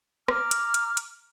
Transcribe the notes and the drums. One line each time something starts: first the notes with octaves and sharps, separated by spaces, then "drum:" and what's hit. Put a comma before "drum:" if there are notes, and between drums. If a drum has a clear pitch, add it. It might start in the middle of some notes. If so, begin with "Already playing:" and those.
A#5 D6 F6, drum: rim click
drum: hi-hat
drum: hi-hat
drum: hi-hat